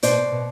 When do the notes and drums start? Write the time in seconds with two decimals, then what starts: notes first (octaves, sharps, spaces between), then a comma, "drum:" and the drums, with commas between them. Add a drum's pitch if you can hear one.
0.03 B2 C5 D5, drum: hi-hat
0.18 B2
0.32 B2